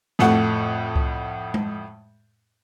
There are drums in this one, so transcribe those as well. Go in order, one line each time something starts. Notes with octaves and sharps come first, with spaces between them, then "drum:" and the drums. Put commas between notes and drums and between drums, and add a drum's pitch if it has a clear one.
F2 A2 A4 F#5, drum: snare
drum: kick C2
drum: tom G#3